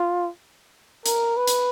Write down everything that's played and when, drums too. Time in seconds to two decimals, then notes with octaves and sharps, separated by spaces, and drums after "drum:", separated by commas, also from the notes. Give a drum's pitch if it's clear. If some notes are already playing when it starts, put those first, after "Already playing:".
Already playing: F4
1.06 A#4, drum: hi-hat
1.37 B4
1.47 drum: hi-hat